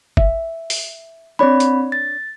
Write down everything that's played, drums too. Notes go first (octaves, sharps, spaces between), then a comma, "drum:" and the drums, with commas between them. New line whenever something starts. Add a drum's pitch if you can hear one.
E5, drum: kick
drum: open hi-hat
C4 D4 C#5 D5 B5
drum: hi-hat
A6